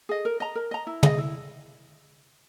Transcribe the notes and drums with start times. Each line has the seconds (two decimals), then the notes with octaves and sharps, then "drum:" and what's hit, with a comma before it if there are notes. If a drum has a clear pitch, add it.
0.09 G#4 D#5
0.25 A#4
0.40 D#5 A#5
0.55 A#4
0.71 D#5 A#5
0.87 E4
1.03 G#4 D#5, drum: tom
1.18 E4